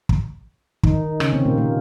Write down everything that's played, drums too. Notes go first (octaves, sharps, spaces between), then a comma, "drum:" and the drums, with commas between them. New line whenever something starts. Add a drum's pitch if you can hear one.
drum: kick
D#3 D#4, drum: kick
C#3 C#4, drum: rim click
C3 C4
A#2 A#3
A#2 A#3